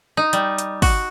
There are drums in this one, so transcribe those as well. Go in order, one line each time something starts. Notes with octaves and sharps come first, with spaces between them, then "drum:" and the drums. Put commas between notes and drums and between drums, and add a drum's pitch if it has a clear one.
D#4
G3, drum: hi-hat
drum: hi-hat
F#4, drum: kick, open hi-hat